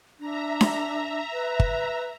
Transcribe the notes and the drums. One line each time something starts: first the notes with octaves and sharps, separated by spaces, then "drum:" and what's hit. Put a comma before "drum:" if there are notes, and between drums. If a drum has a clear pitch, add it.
D4 E5 A#5
drum: snare D4
B4
drum: kick G1